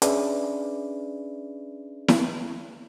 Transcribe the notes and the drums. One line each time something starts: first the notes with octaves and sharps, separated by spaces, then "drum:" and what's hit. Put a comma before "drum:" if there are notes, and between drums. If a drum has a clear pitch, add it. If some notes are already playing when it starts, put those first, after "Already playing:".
C#4 D4 G#4 B4 D5 E5, drum: hi-hat
drum: snare E4